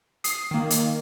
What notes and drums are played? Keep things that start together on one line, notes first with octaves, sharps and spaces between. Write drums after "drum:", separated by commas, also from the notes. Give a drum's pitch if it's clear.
D#6 C7, drum: hi-hat
D#3 A#3
drum: hi-hat